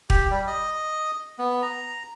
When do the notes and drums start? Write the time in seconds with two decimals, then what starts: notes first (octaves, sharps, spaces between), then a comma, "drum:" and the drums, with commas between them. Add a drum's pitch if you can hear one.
0.10 G4, drum: kick
0.31 G3
0.47 D#5
1.39 B3
1.62 A#5